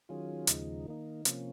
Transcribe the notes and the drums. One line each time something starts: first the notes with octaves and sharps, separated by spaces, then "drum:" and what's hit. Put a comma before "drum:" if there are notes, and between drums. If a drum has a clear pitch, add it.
D#3 F#3 C#4 F4 G#4
D#2 C#3 F3 G#3 D#4, drum: hi-hat
D#3 A#3 D#4
C3 F3 A#3 C#4, drum: hi-hat